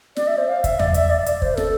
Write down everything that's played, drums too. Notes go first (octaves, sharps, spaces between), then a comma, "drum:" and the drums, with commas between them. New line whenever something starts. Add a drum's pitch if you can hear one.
D5, drum: snare
E5
C5
F5
E5, drum: kick, hi-hat
D5, drum: tom E2
E5, drum: hi-hat
D5
D5, drum: hi-hat
C5, drum: kick
A4, drum: snare